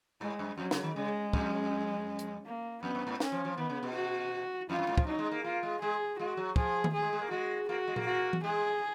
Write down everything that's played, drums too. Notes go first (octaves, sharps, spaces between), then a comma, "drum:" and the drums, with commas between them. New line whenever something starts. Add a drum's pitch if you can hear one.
G#2 G#3
F#2
F2 F#3
C#3, drum: snare
D#3
C#3 G#3
F2, drum: kick
drum: hi-hat
A#3
F2 B3
F#2
G#2
C#4, drum: snare
F3
F3
D#3 B3
C#3
B2
F#4
F2 F4
F#2
G#2
F3, drum: kick
F#3 D#4
G#3
A#3
A#3 F4
G#3
G#3 G#4
G#3 F#4
F#3
F3 G#4, drum: kick
drum: tom D#3
G#4
G#3
G#3
A#3
G#3 F#4
A#3 F#4
G#3
A#3, drum: tom A#2
F#4
drum: tom E3
G#3 G#4